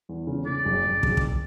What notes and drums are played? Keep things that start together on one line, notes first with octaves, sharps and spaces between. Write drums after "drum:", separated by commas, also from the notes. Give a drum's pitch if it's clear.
E2
C#3
C#3 D5
F#1
F#1
F#1, drum: kick
drum: kick